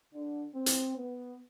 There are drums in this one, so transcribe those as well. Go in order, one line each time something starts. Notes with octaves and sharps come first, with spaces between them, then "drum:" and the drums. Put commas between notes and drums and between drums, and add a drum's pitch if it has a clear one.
D3
C4
drum: hi-hat
B3